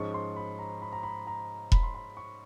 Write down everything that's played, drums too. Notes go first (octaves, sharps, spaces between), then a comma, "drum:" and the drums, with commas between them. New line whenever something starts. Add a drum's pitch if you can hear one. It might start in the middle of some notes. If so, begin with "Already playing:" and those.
Already playing: G#2 F3 G#3 C#4 C#6
C6
B5
A#5
B5
A#5
B5
A#5
B5, drum: kick E1
C6
B5
C#6